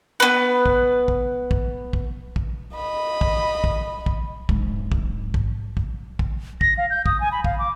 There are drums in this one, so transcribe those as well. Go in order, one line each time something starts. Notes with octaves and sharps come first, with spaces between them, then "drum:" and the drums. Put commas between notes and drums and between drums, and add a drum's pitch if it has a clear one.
B3 B4
drum: kick
drum: kick
drum: kick
drum: kick
drum: kick
D#5 B5
drum: kick
drum: kick
drum: kick
D1 G#2, drum: kick
drum: kick
drum: kick
drum: kick
drum: kick
A#6, drum: kick
F5
G6
D#6, drum: kick
G#5
B5
F5, drum: kick
D6